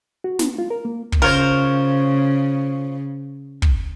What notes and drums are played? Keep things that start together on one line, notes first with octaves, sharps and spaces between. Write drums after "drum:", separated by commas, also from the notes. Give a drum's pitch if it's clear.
F#4
B3, drum: snare
F4
A#4
A#3
drum: kick
C#3 F4 A#4 C5 C#5
drum: kick